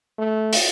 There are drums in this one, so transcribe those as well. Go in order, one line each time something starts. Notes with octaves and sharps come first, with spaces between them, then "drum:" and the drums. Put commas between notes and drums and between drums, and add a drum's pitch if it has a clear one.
A3
drum: open hi-hat